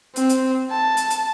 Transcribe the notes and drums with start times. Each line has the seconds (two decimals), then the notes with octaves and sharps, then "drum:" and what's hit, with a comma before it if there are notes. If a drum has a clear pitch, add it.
0.16 C4, drum: hi-hat
0.29 drum: hi-hat
0.71 A5
0.97 drum: hi-hat
1.10 drum: hi-hat